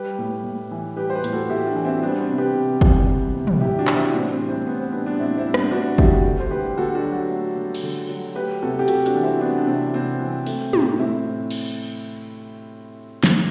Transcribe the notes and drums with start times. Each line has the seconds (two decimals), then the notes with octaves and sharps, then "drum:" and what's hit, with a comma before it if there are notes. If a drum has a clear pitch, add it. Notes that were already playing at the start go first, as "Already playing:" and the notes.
Already playing: G3 G4 B4
0.19 A2
0.44 A2
0.71 E3
0.97 G3 G4 B4
1.10 C5
1.15 G4 B4
1.24 A2, drum: hi-hat
1.33 F#4 A4
1.49 A2 E4 G4
1.67 D4 F#4
1.76 E3
1.85 C4 E4
2.03 G3 B3 D4
2.20 C4
2.29 C3
2.38 G4 B4
2.55 C3
2.81 E3, drum: kick
3.09 G3
3.35 C3
3.47 drum: tom
3.60 C3 E4 G4
3.79 D4 F#4
3.87 E3, drum: clap
3.96 C4 E4
4.13 A2 B3 D4
4.31 C4
4.40 G3
4.49 C4
4.66 A2 B3
4.80 C4
4.93 G3 B3 D4
5.06 B3 D4
5.19 A2 C4 E4
5.37 C4 E4
5.46 G3
5.54 B3 D4, drum: rim click
5.71 A2 D4 F#4
5.98 G3 E4 G4, drum: kick
6.25 A3
6.39 C5
6.51 D3 G4 B4
6.78 D3 F#4 A4
6.95 D4 F#4
7.04 F#3
7.30 A3
7.57 D3
7.75 drum: cymbal
7.84 D3
8.09 F#3
8.36 A3 G4 B4
8.62 C3 F#4 A4
8.79 G4
8.88 C3 F#4 A4, drum: hi-hat
9.06 D4 F#4, drum: hi-hat
9.15 E3
9.23 C4 E4
9.41 A3 B3 D4
9.57 D4
9.67 C3 C4
9.94 C3 C4
10.21 E3
10.46 A3, drum: open hi-hat
10.73 A2, drum: tom
10.99 A2 C4 E4
11.51 drum: cymbal
13.24 drum: snare